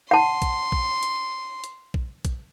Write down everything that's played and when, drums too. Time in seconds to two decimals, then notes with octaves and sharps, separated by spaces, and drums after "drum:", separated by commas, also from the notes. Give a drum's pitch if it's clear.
0.11 F#5 A5 C6
0.42 drum: kick, hi-hat
0.72 drum: kick
1.03 drum: hi-hat
1.64 drum: hi-hat
1.94 drum: kick
2.25 drum: kick, hi-hat